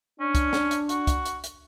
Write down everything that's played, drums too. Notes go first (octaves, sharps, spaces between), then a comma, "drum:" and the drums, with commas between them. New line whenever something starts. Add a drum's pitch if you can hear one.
C#4 D4
drum: kick, hi-hat
drum: snare
drum: hi-hat
F#4, drum: hi-hat
drum: kick, hi-hat
drum: hi-hat
drum: hi-hat